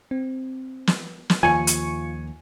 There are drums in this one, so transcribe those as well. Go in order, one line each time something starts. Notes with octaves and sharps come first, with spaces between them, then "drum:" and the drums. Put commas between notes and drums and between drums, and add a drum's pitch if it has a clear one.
C4
drum: snare
drum: snare
D#2 F3 F4 G#5 C#6 C#7
drum: hi-hat